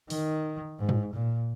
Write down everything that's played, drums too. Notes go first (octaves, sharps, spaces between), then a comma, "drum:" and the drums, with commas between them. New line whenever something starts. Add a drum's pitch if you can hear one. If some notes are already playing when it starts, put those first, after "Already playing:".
D#3, drum: open hi-hat
G#2
drum: tom
A#2